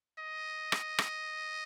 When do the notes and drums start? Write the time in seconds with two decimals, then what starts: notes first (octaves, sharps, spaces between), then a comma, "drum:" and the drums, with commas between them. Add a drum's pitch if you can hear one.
0.19 D#5
0.72 drum: rim click
0.98 drum: rim click